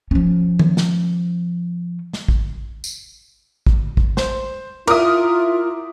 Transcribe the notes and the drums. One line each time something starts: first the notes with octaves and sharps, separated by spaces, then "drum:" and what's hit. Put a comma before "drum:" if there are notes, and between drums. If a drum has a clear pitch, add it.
F3 C#4
drum: tom
drum: snare
drum: snare
drum: kick A1
drum: tambourine
drum: kick A1
drum: kick A1
C5, drum: snare
E4 F4 A#4 E5 D6 D#6, drum: cymbal